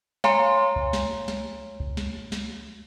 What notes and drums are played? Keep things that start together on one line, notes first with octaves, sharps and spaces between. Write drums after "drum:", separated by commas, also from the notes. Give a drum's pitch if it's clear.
C#5 F5 G#5 A#5 C6 C#7, drum: snare
drum: kick C#2
drum: snare
drum: snare
drum: kick C#2
drum: snare
drum: snare